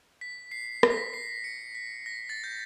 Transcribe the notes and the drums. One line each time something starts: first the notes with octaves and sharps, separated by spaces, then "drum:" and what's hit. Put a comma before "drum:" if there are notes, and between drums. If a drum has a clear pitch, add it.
B6
C7
B6, drum: rim click
A#6
B6
C7
C#7
B6
A#6
A6
G6